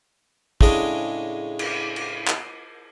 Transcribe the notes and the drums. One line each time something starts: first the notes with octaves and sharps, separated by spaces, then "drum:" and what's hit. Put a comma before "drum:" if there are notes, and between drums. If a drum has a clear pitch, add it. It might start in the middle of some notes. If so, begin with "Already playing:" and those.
A2 C#3 G#3 D4 D#5 D6, drum: kick
drum: cymbal
drum: cymbal
drum: clap